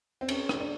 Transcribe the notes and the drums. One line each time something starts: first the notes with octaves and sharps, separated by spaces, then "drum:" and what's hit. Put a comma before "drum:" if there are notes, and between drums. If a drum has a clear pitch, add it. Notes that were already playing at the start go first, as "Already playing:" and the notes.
C4
C#4, drum: cymbal
drum: rim click
D4